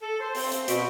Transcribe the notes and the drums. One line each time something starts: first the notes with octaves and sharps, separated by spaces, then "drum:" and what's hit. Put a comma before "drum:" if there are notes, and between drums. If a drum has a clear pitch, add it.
A4
C5
C4, drum: open hi-hat
drum: hi-hat
B2, drum: hi-hat